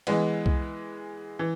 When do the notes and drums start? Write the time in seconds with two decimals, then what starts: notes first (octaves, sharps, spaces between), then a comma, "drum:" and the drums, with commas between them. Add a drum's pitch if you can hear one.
0.07 E3 G#3 B3, drum: cymbal
0.46 drum: kick C2
1.39 E3